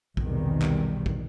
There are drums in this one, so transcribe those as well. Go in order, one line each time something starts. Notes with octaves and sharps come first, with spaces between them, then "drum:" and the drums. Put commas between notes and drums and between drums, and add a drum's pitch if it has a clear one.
B1 E2 C3 D#3 G3, drum: kick
drum: clap
drum: kick